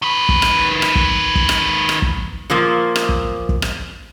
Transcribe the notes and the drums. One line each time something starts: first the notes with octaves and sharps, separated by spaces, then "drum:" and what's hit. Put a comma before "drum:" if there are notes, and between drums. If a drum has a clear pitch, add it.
D#3 B4
drum: kick
drum: rim click
drum: rim click
drum: kick
drum: kick
drum: rim click
drum: rim click
drum: kick
A#2 F3 A#3
drum: rim click
drum: kick
drum: kick
drum: rim click